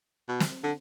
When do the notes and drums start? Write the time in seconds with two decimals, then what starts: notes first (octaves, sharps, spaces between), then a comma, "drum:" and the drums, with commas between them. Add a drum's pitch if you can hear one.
0.29 B2
0.40 drum: snare
0.64 D3